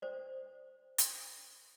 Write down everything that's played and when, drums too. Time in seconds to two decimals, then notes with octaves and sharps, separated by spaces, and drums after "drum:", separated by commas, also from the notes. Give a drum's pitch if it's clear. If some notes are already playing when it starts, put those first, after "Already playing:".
0.02 C5 D5
0.98 drum: hi-hat